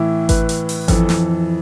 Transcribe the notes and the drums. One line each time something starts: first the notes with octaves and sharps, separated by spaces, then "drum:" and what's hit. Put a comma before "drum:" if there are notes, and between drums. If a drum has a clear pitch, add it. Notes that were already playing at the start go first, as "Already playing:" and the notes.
Already playing: A2 E3 E4
B4, drum: kick G#1, hi-hat
drum: hi-hat
drum: open hi-hat
F2 E3 A4, drum: kick G#1, hi-hat
drum: snare